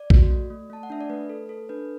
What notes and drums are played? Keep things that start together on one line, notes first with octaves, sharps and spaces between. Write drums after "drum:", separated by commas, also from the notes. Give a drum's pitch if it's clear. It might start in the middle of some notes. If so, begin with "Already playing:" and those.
Already playing: D5
F#4, drum: kick A#1
A3
A3
A3 A5
F#5
D4 E5
D5
A3 B4
A4
A4
D4 B4